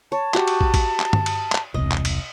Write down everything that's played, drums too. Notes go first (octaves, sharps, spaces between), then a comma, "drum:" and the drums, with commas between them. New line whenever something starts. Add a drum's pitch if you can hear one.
C#5 A5
F#4 G4, drum: clap
drum: cymbal
drum: kick
drum: kick, cymbal
drum: clap
drum: tom G2
drum: cymbal
drum: clap
E1 C2 D#5
drum: clap
drum: cymbal